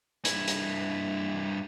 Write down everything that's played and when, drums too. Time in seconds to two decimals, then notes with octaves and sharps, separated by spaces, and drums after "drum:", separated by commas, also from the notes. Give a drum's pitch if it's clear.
0.25 G2 E4, drum: hi-hat
0.48 drum: hi-hat